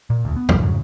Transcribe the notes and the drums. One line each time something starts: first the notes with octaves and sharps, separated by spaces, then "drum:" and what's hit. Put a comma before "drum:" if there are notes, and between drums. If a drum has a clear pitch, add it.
A#2
E1 D2
B3
F1 C2 G2 E3, drum: tom E2
F2 G#2 C#3 F#3